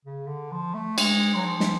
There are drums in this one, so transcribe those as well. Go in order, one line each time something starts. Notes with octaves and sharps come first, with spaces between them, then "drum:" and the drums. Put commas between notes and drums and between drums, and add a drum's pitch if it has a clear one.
C#3
D3
F3
A3
G#3, drum: cymbal
F#3
F3
drum: snare